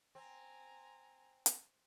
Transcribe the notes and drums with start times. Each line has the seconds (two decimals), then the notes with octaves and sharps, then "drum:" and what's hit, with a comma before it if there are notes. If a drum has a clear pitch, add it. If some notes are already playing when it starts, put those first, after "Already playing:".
0.15 C4 G#5 A#5
1.46 drum: hi-hat